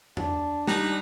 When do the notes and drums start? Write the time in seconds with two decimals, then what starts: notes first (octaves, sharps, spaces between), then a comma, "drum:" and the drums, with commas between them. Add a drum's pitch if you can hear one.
0.17 D4, drum: tom E2
0.67 G3 D#4 A#5 F#6, drum: snare